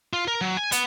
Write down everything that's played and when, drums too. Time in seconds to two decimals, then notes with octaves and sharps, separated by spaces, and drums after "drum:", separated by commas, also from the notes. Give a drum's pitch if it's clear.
0.13 F4
0.28 A#4
0.41 F#3
0.57 G#5
0.72 B3, drum: hi-hat